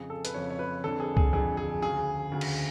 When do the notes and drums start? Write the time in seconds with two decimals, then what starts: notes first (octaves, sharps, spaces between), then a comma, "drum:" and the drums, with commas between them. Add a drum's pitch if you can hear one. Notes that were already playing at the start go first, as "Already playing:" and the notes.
Already playing: F2 C#3 G#4
0.10 A4
0.25 B4, drum: hi-hat
0.34 F2 C#3 C#5
0.50 C#5
0.59 B4
0.84 F2 D3 A4
1.00 G#4
1.17 G#4, drum: kick C#2
1.33 F2 D3 G#4
1.57 G#4
1.82 D2 C#3 G#4
2.32 D2 C#3
2.41 drum: cymbal